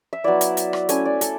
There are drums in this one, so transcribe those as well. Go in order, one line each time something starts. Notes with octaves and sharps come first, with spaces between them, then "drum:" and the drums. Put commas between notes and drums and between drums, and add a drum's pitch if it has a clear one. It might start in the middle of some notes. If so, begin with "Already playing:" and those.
E5
F#3 B3 E4 D5
drum: hi-hat
drum: hi-hat
drum: rim click
A3 C#4 E4 G#5, drum: hi-hat
D5
A4, drum: hi-hat